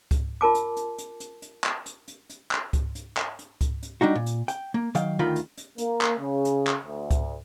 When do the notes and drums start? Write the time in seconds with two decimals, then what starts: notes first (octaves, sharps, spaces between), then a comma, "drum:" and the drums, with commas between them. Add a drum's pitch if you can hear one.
0.11 drum: kick C#2, hi-hat
0.41 F4 A#4 A5 D6
0.55 drum: hi-hat
0.77 drum: hi-hat
0.98 drum: hi-hat
1.20 drum: hi-hat
1.42 drum: hi-hat
1.64 drum: clap
1.86 drum: hi-hat
2.08 drum: hi-hat
2.30 drum: hi-hat
2.51 drum: clap
2.73 drum: kick C#2, hi-hat
2.95 drum: hi-hat
3.17 drum: clap
3.39 drum: hi-hat
3.61 drum: kick C#2, hi-hat
3.83 drum: hi-hat
4.01 G3 D4 D#4 F#4
4.15 A#2
4.26 drum: hi-hat
4.48 G5, drum: hi-hat
4.74 A#3
4.95 D#3 F#3 F5 G5, drum: hi-hat
5.19 D2 D#3 F4 A#4 G5 B5
5.36 drum: hi-hat
5.58 drum: hi-hat
5.78 A#3, drum: hi-hat
6.01 drum: clap
6.19 C#3
6.45 drum: hi-hat
6.67 drum: clap
6.85 D2
7.11 drum: kick C#2, hi-hat